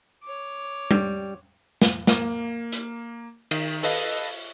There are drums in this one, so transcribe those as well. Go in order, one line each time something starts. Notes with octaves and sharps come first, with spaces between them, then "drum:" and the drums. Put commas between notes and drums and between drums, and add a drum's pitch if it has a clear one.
C#5 D6
G3, drum: tom G3
drum: snare
A#3, drum: snare
drum: hi-hat
D#3, drum: cymbal
A4 B4 D#5 F5, drum: open hi-hat